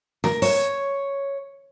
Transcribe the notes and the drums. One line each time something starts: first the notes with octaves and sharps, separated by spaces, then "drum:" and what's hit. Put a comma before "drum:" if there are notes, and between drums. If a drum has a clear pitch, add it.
A#4, drum: snare
C#5, drum: open hi-hat